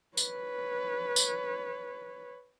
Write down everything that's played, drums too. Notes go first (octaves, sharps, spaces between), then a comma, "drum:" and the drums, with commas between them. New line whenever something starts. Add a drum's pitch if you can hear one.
B4 C#5, drum: tambourine
drum: tambourine